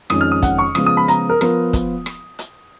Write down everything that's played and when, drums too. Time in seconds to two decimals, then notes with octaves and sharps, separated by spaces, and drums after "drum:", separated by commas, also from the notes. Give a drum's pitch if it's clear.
0.10 F2 D#3 G#3 C#4 D#6, drum: rim click
0.21 F6
0.32 D#6
0.42 F#5, drum: kick, hi-hat
0.58 C#6
0.75 C#3 F3 G#3 B3 F4 D#6, drum: rim click
0.86 D#6
0.97 B5
1.08 A#5, drum: hi-hat
1.29 A#4
1.41 F3 B3 F4 A#4, drum: rim click
1.73 drum: kick, hi-hat
2.06 drum: rim click
2.39 drum: hi-hat